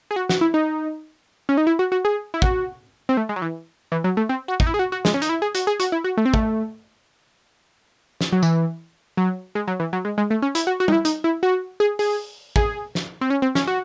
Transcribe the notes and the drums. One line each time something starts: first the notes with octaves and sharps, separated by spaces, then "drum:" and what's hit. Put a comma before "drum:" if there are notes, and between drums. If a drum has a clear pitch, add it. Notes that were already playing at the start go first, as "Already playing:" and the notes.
G#4
F#4
F#4, drum: snare
E4
D#4
C#4
D#4
E4
F#4
F#4
G#4
E4
F#4, drum: kick
C4
A3
G#3
F#3
E3
E3
F#3
A3
C4
F#4
D#4, drum: kick
E4
G#4
F#4
F#4
G#3, drum: snare
C#4
D#4, drum: hi-hat
E4
G#4
F#4, drum: hi-hat
G#4
F#4, drum: hi-hat
E4
F#4
A3
C4
A3, drum: kick
drum: snare
F#3
E3, drum: tambourine
F#3
G#3
F#3
E3
F#3
G#3
G#3
A3
C#4
E4, drum: hi-hat
F#4
F#4
D#4, drum: tom
E4
D#4, drum: hi-hat
E4
F#4
G#4
G#4, drum: open hi-hat
G#4, drum: kick
drum: snare
C4
C#4
C4
C#4, drum: snare
F#4